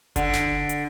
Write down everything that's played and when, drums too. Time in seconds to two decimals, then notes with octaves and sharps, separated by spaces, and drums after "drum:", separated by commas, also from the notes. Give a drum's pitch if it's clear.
0.16 D3, drum: kick F#1, hi-hat
0.34 drum: snare
0.69 drum: hi-hat